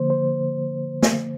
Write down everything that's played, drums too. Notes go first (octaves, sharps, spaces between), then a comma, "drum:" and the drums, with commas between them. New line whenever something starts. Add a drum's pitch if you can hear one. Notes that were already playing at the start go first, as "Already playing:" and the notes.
Already playing: D3 F3 A#3 C5
C5
drum: snare